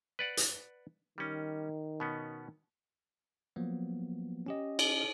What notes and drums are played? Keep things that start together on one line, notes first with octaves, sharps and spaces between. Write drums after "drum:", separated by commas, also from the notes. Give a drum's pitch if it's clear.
B4 D5 F#5
drum: hi-hat
D#3 G3 C#4
B2 B3 C#4
F3 F#3 A#3 B3
C#4 G4 D#5
drum: cymbal